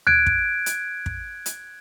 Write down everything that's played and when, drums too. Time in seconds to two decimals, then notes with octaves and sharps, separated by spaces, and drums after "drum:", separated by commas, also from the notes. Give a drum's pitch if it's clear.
0.07 F#6 G#6 D7, drum: tom D2
0.26 drum: kick
0.66 drum: hi-hat
1.06 drum: kick
1.46 drum: hi-hat